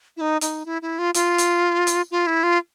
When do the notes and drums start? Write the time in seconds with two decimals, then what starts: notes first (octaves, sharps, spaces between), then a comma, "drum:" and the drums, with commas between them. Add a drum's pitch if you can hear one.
0.17 E4
0.21 D#4
0.41 D#4, drum: hi-hat
0.66 E4
0.82 E4
0.98 F4
1.14 F4, drum: hi-hat
1.38 drum: hi-hat
1.87 drum: hi-hat
2.11 F4
2.27 E4
2.43 F4